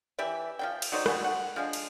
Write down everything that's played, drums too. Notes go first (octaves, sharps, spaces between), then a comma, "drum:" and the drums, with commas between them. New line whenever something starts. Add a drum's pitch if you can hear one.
E3 G4 D5 E5
F3 D4 G5
drum: cymbal
F#3 D#4 C5 D5
G3 F#4 G#4, drum: rim click
F#5
F3 G#3 D4
drum: cymbal